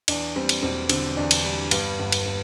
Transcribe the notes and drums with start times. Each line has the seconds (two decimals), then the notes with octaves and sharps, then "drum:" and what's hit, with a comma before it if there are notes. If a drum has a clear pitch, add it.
0.08 E2 D4, drum: cymbal
0.36 G3 C4
0.49 drum: cymbal
0.63 E1 C4
0.89 D3 C4, drum: cymbal
1.17 E2 D4
1.31 drum: cymbal
1.45 G3
1.71 G2 B3, drum: cymbal
1.99 G1 B3
2.12 drum: cymbal
2.26 B3